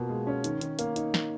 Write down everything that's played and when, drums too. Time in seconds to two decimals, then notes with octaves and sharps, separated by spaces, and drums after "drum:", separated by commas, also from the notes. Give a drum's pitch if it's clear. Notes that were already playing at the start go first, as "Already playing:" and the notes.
Already playing: B2 A#3 F4
0.09 G#3
0.27 C#4
0.44 D#3, drum: hi-hat
0.61 D#3, drum: hi-hat
0.79 A#3, drum: hi-hat
0.96 D#4, drum: hi-hat
1.14 drum: snare